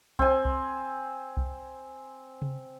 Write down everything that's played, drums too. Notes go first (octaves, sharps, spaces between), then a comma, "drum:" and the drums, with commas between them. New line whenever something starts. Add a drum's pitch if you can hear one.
C4 G#5, drum: kick C2
drum: kick C2
drum: kick C2
drum: tom C3